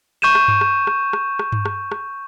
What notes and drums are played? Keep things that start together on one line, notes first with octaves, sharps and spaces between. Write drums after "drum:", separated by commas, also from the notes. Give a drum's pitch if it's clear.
C#6 G6 D#7 E7
drum: rim click
drum: tom G2
drum: rim click
drum: rim click
drum: rim click
drum: rim click
drum: tom G2
drum: rim click
drum: rim click